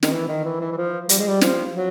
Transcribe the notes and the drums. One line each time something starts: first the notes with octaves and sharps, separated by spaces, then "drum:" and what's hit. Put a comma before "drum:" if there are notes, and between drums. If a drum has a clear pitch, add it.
D#3, drum: snare
E3
D#3
E3
E3
E3
F3
G3, drum: hi-hat
G#3
G3
F3, drum: snare
F#3